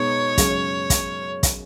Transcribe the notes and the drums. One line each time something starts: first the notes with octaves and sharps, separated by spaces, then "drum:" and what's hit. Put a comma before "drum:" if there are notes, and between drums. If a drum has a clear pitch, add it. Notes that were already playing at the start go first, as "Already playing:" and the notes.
Already playing: B2 G#3 B3 D#4 C#5
F#2 C#3 G#3 C#4, drum: kick, hi-hat
drum: kick, hi-hat
drum: kick, hi-hat